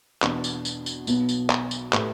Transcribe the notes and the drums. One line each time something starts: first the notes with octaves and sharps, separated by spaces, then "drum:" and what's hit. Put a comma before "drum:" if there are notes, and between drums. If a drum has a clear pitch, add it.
E2 B2 B3 D4, drum: clap
drum: tambourine
drum: tambourine
drum: tambourine
B1 B2 B3, drum: tambourine
drum: tambourine
drum: clap
drum: tambourine
A2 A3 G4 B4, drum: clap